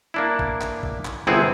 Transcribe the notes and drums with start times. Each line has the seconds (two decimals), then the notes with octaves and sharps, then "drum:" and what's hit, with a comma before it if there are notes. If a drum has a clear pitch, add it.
0.14 A#3 D4 E4
0.39 drum: kick
0.61 drum: clap
0.83 drum: kick
1.05 drum: clap
1.27 G1 C3 B3 C4 E4 G#4